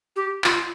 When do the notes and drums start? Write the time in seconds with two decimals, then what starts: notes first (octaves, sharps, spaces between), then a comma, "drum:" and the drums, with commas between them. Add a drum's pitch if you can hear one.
0.16 G4
0.44 F4, drum: clap